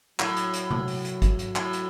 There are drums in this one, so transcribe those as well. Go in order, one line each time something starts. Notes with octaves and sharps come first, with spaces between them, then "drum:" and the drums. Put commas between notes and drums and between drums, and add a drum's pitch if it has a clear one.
A2 F#3, drum: clap
drum: hi-hat
drum: hi-hat
drum: tom C3
drum: open hi-hat
drum: hi-hat
drum: kick, hi-hat
drum: hi-hat
A2, drum: clap
drum: hi-hat